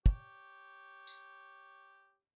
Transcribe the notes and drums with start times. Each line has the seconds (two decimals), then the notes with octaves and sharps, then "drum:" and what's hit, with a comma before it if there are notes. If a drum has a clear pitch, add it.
0.06 G4 C#5, drum: kick
1.07 drum: tambourine